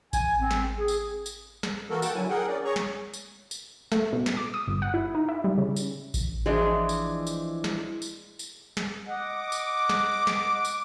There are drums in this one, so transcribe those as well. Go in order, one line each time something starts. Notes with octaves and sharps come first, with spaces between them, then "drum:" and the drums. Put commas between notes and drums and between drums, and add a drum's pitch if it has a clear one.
G#5, drum: kick A1, tambourine
C4
drum: snare
G#4
drum: tambourine
drum: tambourine
drum: snare
E3 A#3 F#4 A4 A#4
F#5 G5 A5, drum: tambourine
D3 F#3 E4 G#5
G#4 A#4 F#5 G5
C#4 D5
G#4 C#5 A#5 C#6
drum: snare
drum: tambourine
drum: tambourine
A3, drum: snare
B2
drum: snare
D6
D#6
G1
F#5
E4
D#4
E4
G3
C#3
drum: tambourine
drum: kick A1, tambourine
E3 F3 G#3 D4
drum: tambourine
drum: tambourine
drum: snare
drum: tambourine
drum: tambourine
drum: snare
D#5 F#5 D6
drum: tambourine
drum: snare
drum: snare
drum: tambourine